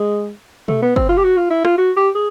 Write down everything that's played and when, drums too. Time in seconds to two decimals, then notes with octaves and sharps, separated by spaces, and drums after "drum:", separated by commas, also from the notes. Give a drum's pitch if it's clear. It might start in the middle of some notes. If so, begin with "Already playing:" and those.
Already playing: G#3
0.68 A3, drum: tom B2
0.82 B3
0.96 C4, drum: kick
1.09 F4
1.17 G4
1.24 F#4
1.37 F4
1.51 E4
1.65 F4, drum: rim click
1.78 F#4
1.97 G4
2.15 G#4